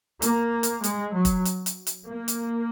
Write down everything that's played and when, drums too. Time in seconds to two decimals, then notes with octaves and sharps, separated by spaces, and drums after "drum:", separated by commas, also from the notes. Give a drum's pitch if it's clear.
0.22 A#3, drum: hi-hat
0.63 drum: hi-hat
0.84 G#3, drum: hi-hat
1.15 F#3
1.25 drum: kick, hi-hat
1.45 drum: hi-hat
1.66 drum: hi-hat
1.87 drum: hi-hat
2.07 A#3
2.28 drum: hi-hat